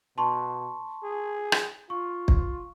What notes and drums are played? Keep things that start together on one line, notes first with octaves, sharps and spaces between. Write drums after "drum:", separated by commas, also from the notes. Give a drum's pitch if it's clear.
B2 A5 C6 C#6
G#4
drum: rim click
F4 C#6
drum: kick